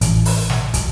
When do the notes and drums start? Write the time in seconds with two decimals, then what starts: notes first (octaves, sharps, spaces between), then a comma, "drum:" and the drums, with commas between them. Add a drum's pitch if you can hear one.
0.01 A1, drum: hi-hat
0.25 drum: open hi-hat
0.50 drum: snare
0.74 drum: kick, hi-hat